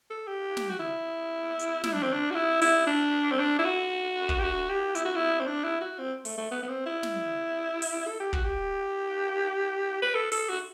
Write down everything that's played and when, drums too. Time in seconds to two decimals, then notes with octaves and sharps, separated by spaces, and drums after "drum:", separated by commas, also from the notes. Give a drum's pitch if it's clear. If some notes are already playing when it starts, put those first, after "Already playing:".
0.10 A4
0.27 G4
0.57 drum: snare
0.69 F#4
0.79 E4
1.59 drum: hi-hat
1.83 E4, drum: snare
1.93 D4
2.03 C4
2.13 D4
2.31 F#4
2.35 E4
2.61 E4, drum: open hi-hat
2.87 D4
3.32 C4
3.39 D4
3.59 E4
3.65 F#4
4.29 drum: kick
4.39 G4
4.44 F#4
4.69 G4
4.95 E4, drum: hi-hat
5.05 F#4
5.16 E4
5.40 C4
5.47 D4
5.64 E4
5.81 F#4
5.99 C4
6.25 A3, drum: open hi-hat
6.37 A3
6.51 B3
6.62 B3
6.68 C4
6.86 E4
7.03 drum: snare
7.82 drum: open hi-hat
8.07 A4
8.20 G4
8.33 F#4, drum: kick
8.44 G4
10.02 B4
10.14 A4
10.32 A4, drum: open hi-hat
10.49 F#4